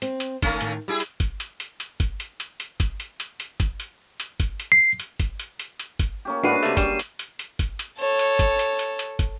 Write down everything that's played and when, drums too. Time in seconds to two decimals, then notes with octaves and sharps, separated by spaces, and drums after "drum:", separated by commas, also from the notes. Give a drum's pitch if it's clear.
0.02 C4, drum: hi-hat
0.20 drum: hi-hat
0.42 D3 D#3 A3 C#4, drum: kick, hi-hat
0.61 A2 D#3, drum: hi-hat
0.88 G3 E4 G4 G#4
1.00 drum: hi-hat
1.20 drum: kick, hi-hat
1.40 drum: hi-hat
1.60 drum: hi-hat
1.80 drum: hi-hat
2.00 drum: kick, hi-hat
2.20 drum: hi-hat
2.40 drum: hi-hat
2.60 drum: hi-hat
2.80 drum: kick, hi-hat
3.00 drum: hi-hat
3.20 drum: hi-hat
3.40 drum: hi-hat
3.60 drum: kick, hi-hat
3.80 drum: hi-hat
4.20 drum: hi-hat
4.40 drum: kick, hi-hat
4.60 drum: hi-hat
4.72 C7
5.00 drum: hi-hat
5.20 drum: kick, hi-hat
5.40 drum: hi-hat
5.60 drum: hi-hat
5.79 drum: hi-hat
5.99 drum: kick, hi-hat
6.25 A#3 C#4 G4
6.44 A2 G#3 D4 F#4 B4 F5 C7 D#7
6.63 C3 A3
6.77 G3 C#4 E7, drum: kick, hi-hat
6.99 drum: hi-hat
7.19 drum: hi-hat
7.39 drum: hi-hat
7.59 drum: kick, hi-hat
7.79 drum: hi-hat
7.99 A4 C#5
8.19 drum: hi-hat
8.39 drum: kick, hi-hat
8.59 drum: hi-hat
8.79 drum: hi-hat
8.99 drum: hi-hat
9.19 drum: kick, hi-hat